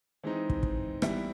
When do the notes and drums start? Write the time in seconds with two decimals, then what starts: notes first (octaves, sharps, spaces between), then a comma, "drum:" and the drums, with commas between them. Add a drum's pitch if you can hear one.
0.23 E3 G#3 C4 D#4
0.50 drum: kick
0.63 drum: kick
1.02 E3 G3 B3 E4, drum: rim click